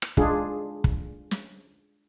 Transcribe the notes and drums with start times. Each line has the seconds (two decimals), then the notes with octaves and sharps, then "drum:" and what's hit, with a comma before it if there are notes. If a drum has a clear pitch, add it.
0.02 drum: rim click
0.17 G#3 D4 F4 G#4, drum: kick
0.84 drum: kick
1.31 drum: snare